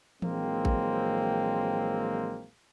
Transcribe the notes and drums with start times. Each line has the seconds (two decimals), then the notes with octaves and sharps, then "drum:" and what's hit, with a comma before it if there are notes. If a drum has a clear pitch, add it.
0.22 A#1 E3 F#3 G#3 A#3 C4, drum: tom E3
0.65 drum: kick A1